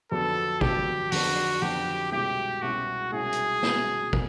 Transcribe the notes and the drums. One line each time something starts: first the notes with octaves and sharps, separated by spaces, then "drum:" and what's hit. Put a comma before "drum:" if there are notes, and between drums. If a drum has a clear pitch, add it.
F2 D3 F#3 B3 D4 A4
F2 D3 F#3 B3 D4 G4, drum: kick
F2 D3 F#3 B3 D4 F#4, drum: open hi-hat
F2 D3 F#3 B3 D4 G4
C2 B2 G#3 C#4 E4 G4
C2 B2 G#3 C#4 E4 F#4
C2 B2 G#3 C#4 E4 G#4
drum: hi-hat
C2 B2 G#3 C#4 E4, drum: snare
E3, drum: kick